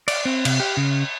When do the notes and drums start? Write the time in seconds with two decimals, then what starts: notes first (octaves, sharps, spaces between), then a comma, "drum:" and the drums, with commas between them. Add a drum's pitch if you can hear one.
0.08 D5, drum: cymbal
0.25 C4
0.45 C3, drum: cymbal
0.60 G4
0.77 C#3